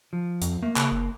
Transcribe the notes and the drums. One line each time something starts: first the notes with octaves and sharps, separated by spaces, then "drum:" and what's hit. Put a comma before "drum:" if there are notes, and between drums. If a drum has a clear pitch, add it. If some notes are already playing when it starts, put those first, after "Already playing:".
F3
F2, drum: hi-hat
A3 A#3
C#3, drum: clap
F#1